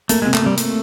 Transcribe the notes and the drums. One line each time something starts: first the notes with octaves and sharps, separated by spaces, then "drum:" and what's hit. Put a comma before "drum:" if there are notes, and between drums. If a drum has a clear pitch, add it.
A3 A#3, drum: hi-hat
C3 G#3
A3, drum: clap
C3 G3
A3, drum: hi-hat